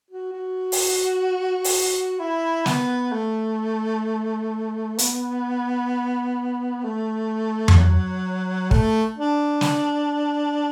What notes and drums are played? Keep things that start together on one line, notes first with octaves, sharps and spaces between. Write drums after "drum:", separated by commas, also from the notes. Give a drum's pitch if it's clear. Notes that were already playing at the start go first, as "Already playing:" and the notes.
F#4
F#4
drum: open hi-hat
drum: open hi-hat
E4
B3, drum: snare
A3
B3, drum: hi-hat
A3
drum: tom F2
F#3
A3, drum: kick
D4
drum: snare